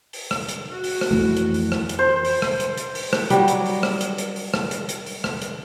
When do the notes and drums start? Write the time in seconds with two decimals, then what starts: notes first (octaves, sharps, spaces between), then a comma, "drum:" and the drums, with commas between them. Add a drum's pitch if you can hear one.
0.13 drum: open hi-hat
0.31 drum: rim click
0.49 drum: hi-hat
0.68 F#4
0.84 drum: open hi-hat
1.01 drum: rim click
1.11 F2 E3 A3
1.37 drum: hi-hat
1.54 drum: open hi-hat
1.72 drum: rim click
1.89 drum: hi-hat
1.99 C5
2.25 drum: open hi-hat
2.42 drum: rim click
2.60 drum: hi-hat
2.77 drum: hi-hat
2.95 drum: open hi-hat
3.13 drum: rim click
3.30 F#3 G3, drum: hi-hat
3.48 drum: hi-hat
3.66 drum: open hi-hat
3.83 drum: rim click
4.01 drum: hi-hat
4.18 drum: hi-hat
4.36 drum: open hi-hat
4.54 drum: rim click
4.71 drum: hi-hat
4.89 drum: hi-hat
5.06 drum: open hi-hat
5.24 drum: rim click
5.42 drum: hi-hat